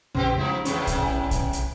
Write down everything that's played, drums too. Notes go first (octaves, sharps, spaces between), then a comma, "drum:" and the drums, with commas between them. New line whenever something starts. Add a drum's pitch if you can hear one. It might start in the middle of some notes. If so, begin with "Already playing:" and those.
A#1 F2 C#3 B3 C4 G4
F3 G#3 D#4 E4
E2 A2 C3 C#4 C#6, drum: hi-hat
drum: kick, hi-hat
A1 C#4 G#5
drum: kick, hi-hat
drum: hi-hat